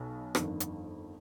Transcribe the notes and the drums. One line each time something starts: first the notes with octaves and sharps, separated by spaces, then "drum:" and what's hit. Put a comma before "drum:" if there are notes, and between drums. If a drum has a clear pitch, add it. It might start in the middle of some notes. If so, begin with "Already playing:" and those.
Already playing: B1 B2 B3
G1 F2 D#3, drum: rim click
drum: hi-hat